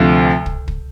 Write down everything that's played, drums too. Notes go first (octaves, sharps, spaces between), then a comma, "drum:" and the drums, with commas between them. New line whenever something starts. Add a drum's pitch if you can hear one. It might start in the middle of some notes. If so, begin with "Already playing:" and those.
Already playing: D2 C3 F3 A3
drum: kick
drum: kick